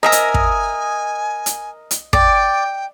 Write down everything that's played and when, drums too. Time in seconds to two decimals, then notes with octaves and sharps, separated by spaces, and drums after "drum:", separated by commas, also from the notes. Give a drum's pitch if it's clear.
0.03 A#4 D#5 E5 G#5 A#5
0.12 drum: hi-hat
0.34 drum: kick
1.46 drum: hi-hat
1.91 drum: hi-hat
2.13 D5 G5, drum: kick